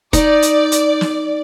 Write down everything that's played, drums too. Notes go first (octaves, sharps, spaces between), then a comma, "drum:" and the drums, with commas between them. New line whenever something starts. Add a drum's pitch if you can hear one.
D#4 D5, drum: kick, hi-hat
drum: hi-hat
drum: hi-hat
drum: snare